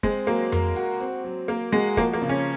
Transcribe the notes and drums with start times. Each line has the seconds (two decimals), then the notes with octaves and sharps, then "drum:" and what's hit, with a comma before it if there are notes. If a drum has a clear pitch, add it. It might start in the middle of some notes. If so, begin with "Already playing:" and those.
0.03 G#3 C4, drum: kick
0.27 F#3 A#3
0.52 A#4, drum: tom F2
0.76 F#4
1.00 C4
1.24 F#3
1.48 A#3 A#4
1.72 G#3 F#4
1.97 F3 A#3, drum: kick
2.13 A#3
2.22 C#3
2.29 C#4